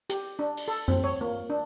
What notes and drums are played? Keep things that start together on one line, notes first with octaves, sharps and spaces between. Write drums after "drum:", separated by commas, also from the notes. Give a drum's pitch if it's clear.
G4, drum: hi-hat
D4
drum: open hi-hat
A4
C4, drum: tom F#2
C#5
A#3
D4